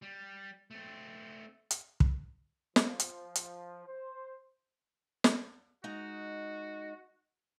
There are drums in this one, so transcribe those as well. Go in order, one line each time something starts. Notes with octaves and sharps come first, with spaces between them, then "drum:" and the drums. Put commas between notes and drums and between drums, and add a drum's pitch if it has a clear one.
G3
A3 C4
drum: hi-hat
drum: kick
F3, drum: snare
drum: hi-hat
drum: hi-hat
C5
drum: snare
G#3 D#4 F#4 D#5